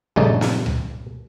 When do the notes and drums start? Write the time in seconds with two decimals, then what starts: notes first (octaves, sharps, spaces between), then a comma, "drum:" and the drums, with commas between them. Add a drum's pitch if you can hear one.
0.16 A#1 G2 C#3 A3 D#4 D5
0.41 drum: snare
0.66 drum: tom C#2